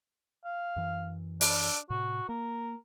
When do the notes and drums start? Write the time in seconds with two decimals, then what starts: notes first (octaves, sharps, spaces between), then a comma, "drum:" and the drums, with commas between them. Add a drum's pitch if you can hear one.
0.45 F5
0.76 F#2 E3
1.41 D4, drum: open hi-hat
1.90 A2 C3 F#4
2.29 A#3 A#4